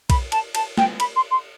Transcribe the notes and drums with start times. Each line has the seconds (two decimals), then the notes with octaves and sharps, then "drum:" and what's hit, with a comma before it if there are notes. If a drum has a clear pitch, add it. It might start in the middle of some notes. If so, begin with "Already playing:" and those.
0.10 B5, drum: kick B1, cymbal
0.32 A5, drum: cymbal
0.55 A5, drum: cymbal
0.78 G5, drum: snare
1.00 B5, drum: cymbal
1.16 C6
1.31 C6